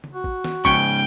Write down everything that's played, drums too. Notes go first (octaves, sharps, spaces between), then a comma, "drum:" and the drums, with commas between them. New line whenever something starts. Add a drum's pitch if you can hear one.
drum: tom C#3
F#4
drum: kick
drum: snare
G#2 C#3 G5 C#6, drum: kick